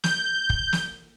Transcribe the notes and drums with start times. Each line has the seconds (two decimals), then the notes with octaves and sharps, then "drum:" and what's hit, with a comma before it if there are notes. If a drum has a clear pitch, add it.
0.04 G6, drum: snare
0.50 drum: kick
0.73 drum: snare